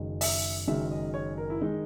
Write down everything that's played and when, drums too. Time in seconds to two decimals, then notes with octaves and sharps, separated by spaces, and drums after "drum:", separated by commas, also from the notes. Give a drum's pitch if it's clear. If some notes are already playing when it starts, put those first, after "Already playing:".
Already playing: F#1 F#2 D#3 G#3
0.21 E5, drum: open hi-hat
0.67 F#1 F#2 D#3 G#3 E5
0.91 D#5
1.14 C#5
1.38 A#4
1.50 E4
1.61 D#3 G#3 D#4